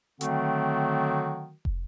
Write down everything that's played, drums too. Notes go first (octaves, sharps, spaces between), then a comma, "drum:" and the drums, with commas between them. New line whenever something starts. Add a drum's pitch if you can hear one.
D3 D#3 F#3 A3 C4 F#4, drum: hi-hat
drum: kick